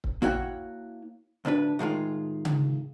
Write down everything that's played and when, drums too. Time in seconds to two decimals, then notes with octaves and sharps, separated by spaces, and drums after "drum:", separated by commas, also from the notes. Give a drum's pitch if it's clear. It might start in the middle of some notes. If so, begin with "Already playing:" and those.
0.04 drum: kick C#1
0.22 A#3 E4 F#4 C#5 G5, drum: tom A1
1.45 D2 A2 D4 B4
1.79 A2 D#3 G#3 F4
2.45 drum: tom C#3